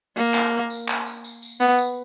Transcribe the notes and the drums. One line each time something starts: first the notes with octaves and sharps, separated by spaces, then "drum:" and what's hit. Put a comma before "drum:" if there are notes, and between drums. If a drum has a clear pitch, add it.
A#3, drum: tambourine
drum: clap
drum: tambourine
drum: clap
drum: tambourine
drum: tambourine
drum: tambourine
B3, drum: tambourine
drum: tambourine